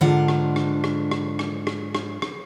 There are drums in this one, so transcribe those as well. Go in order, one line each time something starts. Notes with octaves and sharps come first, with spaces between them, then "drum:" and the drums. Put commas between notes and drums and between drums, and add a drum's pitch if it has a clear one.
G#2 D3 D4 F4 F#5
drum: rim click
drum: rim click
drum: rim click
drum: rim click
drum: rim click
drum: rim click
drum: rim click
drum: rim click